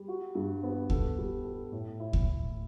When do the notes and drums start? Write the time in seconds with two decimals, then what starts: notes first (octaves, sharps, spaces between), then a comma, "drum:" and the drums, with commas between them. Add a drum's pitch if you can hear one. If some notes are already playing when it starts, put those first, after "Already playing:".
Already playing: G3
0.08 F#4
0.35 G2
0.63 B3
0.90 A4, drum: kick D2
1.18 G3
1.45 A4
1.72 A2
2.00 E4
2.13 drum: kick D2
2.26 A2